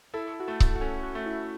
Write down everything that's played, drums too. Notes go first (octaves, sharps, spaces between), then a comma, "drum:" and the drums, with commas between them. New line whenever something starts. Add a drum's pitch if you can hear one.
E4 A4
F#4
A3 A4
drum: kick C#1
F#4
C#4 A4
F#4
A3
E4